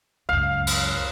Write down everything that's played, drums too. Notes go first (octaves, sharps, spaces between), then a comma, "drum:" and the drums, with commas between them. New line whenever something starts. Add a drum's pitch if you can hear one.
C#2 F#2 F5
drum: cymbal